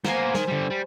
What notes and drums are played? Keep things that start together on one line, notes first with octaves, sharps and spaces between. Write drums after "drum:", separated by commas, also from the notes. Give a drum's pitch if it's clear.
A#3 B3 C5 G#5, drum: snare
D#3, drum: snare
D3 G3
G3